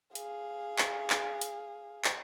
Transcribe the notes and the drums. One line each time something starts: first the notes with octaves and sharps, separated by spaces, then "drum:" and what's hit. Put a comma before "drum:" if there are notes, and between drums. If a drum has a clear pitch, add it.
G#4 F5, drum: hi-hat
drum: clap
drum: clap
drum: hi-hat
drum: clap